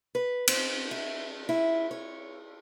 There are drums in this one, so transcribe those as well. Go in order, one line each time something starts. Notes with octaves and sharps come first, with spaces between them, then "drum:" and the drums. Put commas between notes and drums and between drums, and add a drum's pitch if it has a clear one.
B4
C4, drum: cymbal
E4
E4
C#5